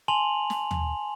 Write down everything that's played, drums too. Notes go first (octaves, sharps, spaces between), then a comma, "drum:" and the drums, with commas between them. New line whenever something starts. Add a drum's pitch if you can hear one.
G#5 A5 C6 F7 F#7
drum: snare
drum: tom